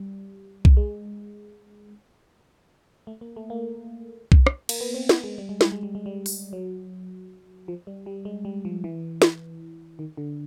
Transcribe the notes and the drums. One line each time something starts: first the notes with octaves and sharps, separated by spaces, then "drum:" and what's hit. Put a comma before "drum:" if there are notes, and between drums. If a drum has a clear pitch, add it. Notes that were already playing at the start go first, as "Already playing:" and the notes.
Already playing: G3
drum: kick B1
G#3
A3
A#3
A3
A#3
drum: kick B1
drum: rim click
A#3, drum: cymbal
B3
C4
B3, drum: snare
G#3
G3
G#3
G3, drum: snare
G#3
G3
G#3
G3
drum: open hi-hat
F#3
F3
G3
G3
G#3
G3
F3
E3
drum: snare
D#3
D3